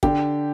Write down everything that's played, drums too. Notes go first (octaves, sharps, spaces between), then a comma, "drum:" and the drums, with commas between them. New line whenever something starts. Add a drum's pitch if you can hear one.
D3 G4, drum: kick